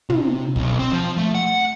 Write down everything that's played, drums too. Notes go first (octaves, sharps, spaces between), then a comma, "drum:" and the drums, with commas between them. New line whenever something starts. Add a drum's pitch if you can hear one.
C3, drum: tom
B1, drum: kick
C4
F3
A3
F#5